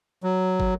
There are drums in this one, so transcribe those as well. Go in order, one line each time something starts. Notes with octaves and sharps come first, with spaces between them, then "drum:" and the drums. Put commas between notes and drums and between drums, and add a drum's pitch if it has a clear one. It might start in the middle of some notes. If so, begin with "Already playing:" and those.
F#3
drum: kick